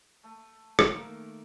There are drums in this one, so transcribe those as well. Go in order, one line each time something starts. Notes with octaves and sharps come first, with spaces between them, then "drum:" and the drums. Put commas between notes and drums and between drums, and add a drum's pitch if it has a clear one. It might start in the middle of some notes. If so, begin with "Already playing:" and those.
A3
drum: rim click
D#3 A3 A#3 A#4